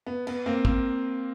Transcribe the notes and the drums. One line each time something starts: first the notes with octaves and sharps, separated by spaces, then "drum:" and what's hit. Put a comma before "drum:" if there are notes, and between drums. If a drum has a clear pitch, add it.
B3
B3, drum: cymbal
A#3 C4
A#3 C4, drum: kick